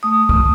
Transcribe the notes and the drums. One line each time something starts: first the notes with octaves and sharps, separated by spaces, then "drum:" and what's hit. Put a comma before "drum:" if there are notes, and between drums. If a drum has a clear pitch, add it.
A3 D#6
drum: kick C2